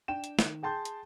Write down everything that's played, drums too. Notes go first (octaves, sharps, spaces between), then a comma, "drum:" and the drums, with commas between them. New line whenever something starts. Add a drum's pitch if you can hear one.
D4 G5 E7
drum: hi-hat
D#3, drum: snare
G#4 G5 A5 C6 G6
drum: hi-hat